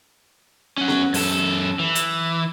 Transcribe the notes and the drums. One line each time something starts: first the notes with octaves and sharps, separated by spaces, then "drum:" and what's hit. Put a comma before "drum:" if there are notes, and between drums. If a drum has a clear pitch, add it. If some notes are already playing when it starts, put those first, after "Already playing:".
C#4 F#5
drum: snare B3
F#2 A4, drum: open hi-hat
E3
drum: hi-hat